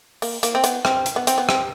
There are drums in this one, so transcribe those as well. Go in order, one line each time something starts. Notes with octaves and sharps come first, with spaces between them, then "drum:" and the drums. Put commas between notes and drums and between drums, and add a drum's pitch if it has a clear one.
A#3, drum: open hi-hat
A#3, drum: hi-hat
C4
B3, drum: hi-hat
C4, drum: rim click
drum: hi-hat
B3
C4, drum: hi-hat
B3
C4, drum: rim click